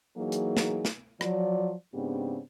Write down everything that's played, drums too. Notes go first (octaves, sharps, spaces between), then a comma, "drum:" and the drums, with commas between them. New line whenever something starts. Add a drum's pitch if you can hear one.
E3 F#3 A#3 D#4 G#4
drum: hi-hat
drum: snare
drum: snare
F3 F#3 D5, drum: rim click
G#2 C#3 B3 C4 D4 G4